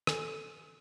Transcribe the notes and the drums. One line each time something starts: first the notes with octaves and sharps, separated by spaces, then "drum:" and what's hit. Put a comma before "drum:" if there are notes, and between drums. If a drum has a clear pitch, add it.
A4 G#5, drum: rim click